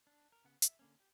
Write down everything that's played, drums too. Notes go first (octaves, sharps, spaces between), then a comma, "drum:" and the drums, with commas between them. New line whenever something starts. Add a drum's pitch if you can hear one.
D4
A#4
C#3 B3 F#5
E5, drum: hi-hat
D3 A#3 C#4
G4